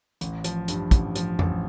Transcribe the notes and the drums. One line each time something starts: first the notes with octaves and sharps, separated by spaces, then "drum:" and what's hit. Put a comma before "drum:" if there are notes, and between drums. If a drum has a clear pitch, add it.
A1, drum: hi-hat
F3, drum: hi-hat
G2, drum: hi-hat
A1, drum: kick, hi-hat
F3, drum: hi-hat
A1, drum: tom F2